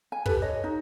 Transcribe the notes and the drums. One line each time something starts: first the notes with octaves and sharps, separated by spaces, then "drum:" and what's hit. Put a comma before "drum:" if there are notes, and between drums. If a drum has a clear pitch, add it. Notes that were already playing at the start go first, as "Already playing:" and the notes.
G#5
G4 A4 B4, drum: kick
C#5 D#5
D#4